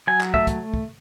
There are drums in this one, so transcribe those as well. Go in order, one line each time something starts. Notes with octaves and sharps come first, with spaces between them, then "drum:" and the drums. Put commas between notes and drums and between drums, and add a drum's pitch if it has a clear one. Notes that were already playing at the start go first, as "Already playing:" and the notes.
F#3 G#5
drum: clap
A3 E5, drum: kick
drum: kick, hi-hat
drum: kick